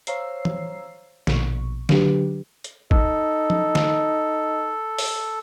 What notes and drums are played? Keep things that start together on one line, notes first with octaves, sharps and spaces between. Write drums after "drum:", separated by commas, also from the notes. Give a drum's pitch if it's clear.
C5 C#5 F5 A#5 E6 C7, drum: hi-hat
drum: tom E3
A#1 B2 C#6, drum: snare
D3 F#3 D4 G4 B4, drum: snare
drum: hi-hat
D#4 A4, drum: kick
drum: tom
drum: snare
drum: open hi-hat